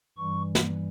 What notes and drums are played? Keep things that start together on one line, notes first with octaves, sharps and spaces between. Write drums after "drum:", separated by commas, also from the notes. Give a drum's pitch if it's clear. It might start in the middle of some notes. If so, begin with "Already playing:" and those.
G2 E3 G3 C#6
drum: snare